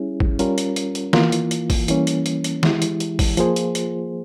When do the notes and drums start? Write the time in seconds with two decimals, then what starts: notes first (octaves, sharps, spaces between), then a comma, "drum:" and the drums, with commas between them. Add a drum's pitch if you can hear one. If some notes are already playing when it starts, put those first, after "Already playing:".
Already playing: G3 C#4 E4 G#4
0.20 drum: kick
0.39 G3 C#4 F4 A#4, drum: hi-hat
0.58 drum: hi-hat
0.76 drum: hi-hat
0.95 drum: hi-hat
1.13 E3 A#3 F4, drum: snare
1.32 drum: hi-hat
1.51 drum: hi-hat
1.70 drum: kick, open hi-hat
1.88 E3 G3 A#3 C#4, drum: hi-hat
2.07 drum: hi-hat
2.26 drum: hi-hat
2.44 drum: hi-hat
2.63 E3 G#3 E4 G4, drum: snare
2.82 drum: hi-hat
3.00 drum: hi-hat
3.19 drum: kick, open hi-hat
3.37 F3 A#3 F4 G#4 C5, drum: hi-hat
3.56 drum: hi-hat
3.75 drum: hi-hat